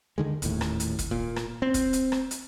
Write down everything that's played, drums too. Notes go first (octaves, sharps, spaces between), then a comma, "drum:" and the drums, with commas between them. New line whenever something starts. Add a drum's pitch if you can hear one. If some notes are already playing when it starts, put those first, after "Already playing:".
D3 D#3 G#3
D#1 D#2 A2, drum: hi-hat
drum: rim click
drum: hi-hat
drum: kick, hi-hat
A#2
drum: rim click
C4
drum: kick, hi-hat
drum: hi-hat
drum: rim click
drum: hi-hat